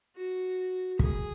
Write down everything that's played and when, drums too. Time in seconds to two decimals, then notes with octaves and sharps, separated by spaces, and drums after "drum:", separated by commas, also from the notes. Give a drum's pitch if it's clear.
0.16 F#4
0.99 G#4, drum: kick